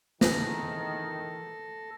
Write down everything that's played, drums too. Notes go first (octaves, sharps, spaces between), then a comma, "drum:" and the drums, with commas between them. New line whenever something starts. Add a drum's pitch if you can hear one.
D#3 E3 G#4 A4 A#6, drum: snare